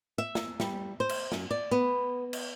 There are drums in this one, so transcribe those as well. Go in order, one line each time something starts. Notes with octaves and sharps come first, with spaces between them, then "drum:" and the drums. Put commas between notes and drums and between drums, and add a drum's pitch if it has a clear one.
E5
drum: snare
G3, drum: snare
C5
drum: cymbal
F#2, drum: snare
D5
B3
drum: cymbal